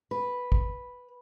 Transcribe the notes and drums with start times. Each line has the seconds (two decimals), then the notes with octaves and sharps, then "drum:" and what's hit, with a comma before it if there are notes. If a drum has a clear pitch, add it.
0.11 B4
0.52 drum: kick